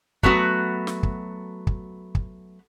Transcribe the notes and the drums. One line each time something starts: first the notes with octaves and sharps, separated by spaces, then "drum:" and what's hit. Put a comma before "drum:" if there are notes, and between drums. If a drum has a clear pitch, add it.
F#3 A3 B3 F#4, drum: kick
drum: snare
drum: kick
drum: kick
drum: kick